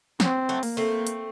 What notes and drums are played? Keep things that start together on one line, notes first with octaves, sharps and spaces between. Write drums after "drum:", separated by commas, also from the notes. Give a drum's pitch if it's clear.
F#3 C4, drum: snare
F#3 A3
A#3, drum: open hi-hat
A3 C4
drum: hi-hat